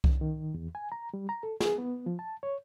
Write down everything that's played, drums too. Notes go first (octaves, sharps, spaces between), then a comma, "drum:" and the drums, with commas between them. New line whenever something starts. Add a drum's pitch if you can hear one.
drum: kick C2
D#3
E2
G#5
A#5
G3
A#5
A4
G#4, drum: snare
B3
F3
A5
C#5